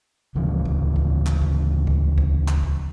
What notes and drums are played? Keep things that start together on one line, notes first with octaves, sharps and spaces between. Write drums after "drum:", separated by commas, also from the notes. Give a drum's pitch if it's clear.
D2 C#3 E3 F3
drum: kick
drum: kick
drum: clap
drum: kick
drum: kick
drum: kick
drum: clap
drum: kick